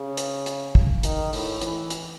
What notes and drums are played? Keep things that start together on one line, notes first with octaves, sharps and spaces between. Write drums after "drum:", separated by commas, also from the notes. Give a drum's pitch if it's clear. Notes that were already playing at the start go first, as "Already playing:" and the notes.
Already playing: C#3
drum: hi-hat
drum: hi-hat
drum: kick
D#3, drum: hi-hat
A2, drum: open hi-hat
E3, drum: hi-hat
drum: hi-hat